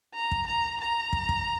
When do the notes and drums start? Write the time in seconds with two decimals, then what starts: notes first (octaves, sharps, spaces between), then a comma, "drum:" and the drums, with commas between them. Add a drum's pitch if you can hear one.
0.15 A#5
0.31 drum: kick
0.47 A#5
0.81 A#5
1.13 drum: kick
1.29 drum: kick